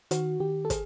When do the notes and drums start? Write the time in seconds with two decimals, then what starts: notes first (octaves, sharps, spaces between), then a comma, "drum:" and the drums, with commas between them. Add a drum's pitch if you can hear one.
0.11 D#3 F#4, drum: hi-hat
0.40 D#3 G4
0.65 A4
0.70 G#4, drum: kick, hi-hat